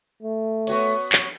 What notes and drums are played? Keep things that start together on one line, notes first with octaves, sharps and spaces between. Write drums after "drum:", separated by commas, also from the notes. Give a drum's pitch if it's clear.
A3
B3 F#4 C#5, drum: cymbal
drum: clap